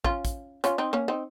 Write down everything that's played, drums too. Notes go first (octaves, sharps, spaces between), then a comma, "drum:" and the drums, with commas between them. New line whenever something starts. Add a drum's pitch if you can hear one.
C#4 F4, drum: kick
drum: kick, hi-hat
C#4 F4, drum: hi-hat
C4 D#4
A#3 C#4
C4 D#4